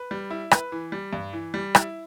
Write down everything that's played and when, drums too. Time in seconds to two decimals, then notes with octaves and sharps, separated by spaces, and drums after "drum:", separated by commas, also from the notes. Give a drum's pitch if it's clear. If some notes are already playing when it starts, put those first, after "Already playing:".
Already playing: B4
0.11 G3
0.31 E4
0.51 B4, drum: rim click
0.72 E3
0.92 G3
1.13 G2
1.33 E3
1.54 G3
1.75 E4, drum: rim click